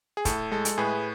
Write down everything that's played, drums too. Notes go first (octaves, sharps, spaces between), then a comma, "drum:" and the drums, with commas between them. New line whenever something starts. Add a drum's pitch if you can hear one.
G#4
A2 A4, drum: kick, hi-hat
G#3 A4
drum: hi-hat
A2 G#4 B4